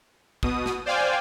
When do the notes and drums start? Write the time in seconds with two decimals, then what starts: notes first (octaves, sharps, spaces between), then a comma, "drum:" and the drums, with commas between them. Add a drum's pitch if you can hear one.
0.43 B2 D#6, drum: kick
0.66 drum: snare
0.86 C5 D5 F5 G5 G#5